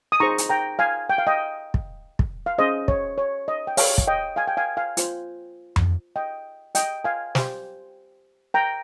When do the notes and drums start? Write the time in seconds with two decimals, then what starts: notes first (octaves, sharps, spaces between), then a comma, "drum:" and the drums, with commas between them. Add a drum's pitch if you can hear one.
0.12 D#6
0.20 D#4 G#4 C5 A#5 C#6
0.38 drum: hi-hat
0.50 G5 A#5
0.79 F5 G#5
1.10 G5
1.18 F5
1.27 D#5 G5
1.74 drum: kick
2.19 drum: kick
2.46 F5
2.58 C#4 G#4 C5 D#5
2.88 C#5, drum: kick
3.18 C#5
3.48 D#5
3.67 G5
3.77 C#5 F5, drum: open hi-hat
3.98 drum: kick
4.07 D#5 G5
4.36 F5 G#5
4.47 G5
4.57 F5 G#5
4.77 F5 G#5
4.97 F4 C5, drum: hi-hat
5.76 drum: tom F2
6.16 D#5 G5
6.75 D#5 G5, drum: hi-hat
7.04 F5 G#5
7.35 G4 C5, drum: snare
8.54 G5 A#5